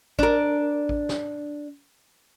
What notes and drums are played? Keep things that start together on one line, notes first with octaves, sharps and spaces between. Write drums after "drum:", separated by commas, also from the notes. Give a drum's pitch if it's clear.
D4 A#4, drum: kick A1
drum: kick A1
drum: snare